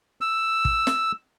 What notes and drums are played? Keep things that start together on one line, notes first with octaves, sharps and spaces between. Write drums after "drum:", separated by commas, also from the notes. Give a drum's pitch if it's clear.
E6
drum: kick
drum: snare